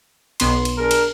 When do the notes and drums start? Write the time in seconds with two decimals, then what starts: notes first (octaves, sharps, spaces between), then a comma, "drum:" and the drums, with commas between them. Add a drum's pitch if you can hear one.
0.40 B1 B3 C6, drum: cymbal
0.65 drum: cymbal
0.77 D4 G#4 A#4
0.91 drum: cymbal